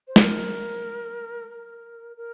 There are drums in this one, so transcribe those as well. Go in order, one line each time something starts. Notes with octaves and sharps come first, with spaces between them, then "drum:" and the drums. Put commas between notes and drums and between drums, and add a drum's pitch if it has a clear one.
C5
A#4, drum: snare
A#4
A#4